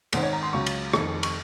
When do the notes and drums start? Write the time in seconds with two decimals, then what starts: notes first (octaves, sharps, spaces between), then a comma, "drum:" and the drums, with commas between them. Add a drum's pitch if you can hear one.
0.13 G#1 G#2 D#3 G#3 C5, drum: cymbal
0.23 C#5
0.33 A#5
0.43 C6
0.53 C#2 C#3 F#3 C#6
0.66 drum: cymbal
0.93 F1 F2 D#3, drum: rim click
1.23 C#6, drum: cymbal